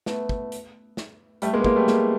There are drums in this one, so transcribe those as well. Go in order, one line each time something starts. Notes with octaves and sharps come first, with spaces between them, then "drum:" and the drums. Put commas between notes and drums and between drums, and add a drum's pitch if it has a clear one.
A3 B3, drum: snare
drum: kick
drum: hi-hat
drum: snare
G3 A3, drum: hi-hat
G#3 A#3
B3
G#3 A#3, drum: kick
G3 A3
G#3 A#3, drum: snare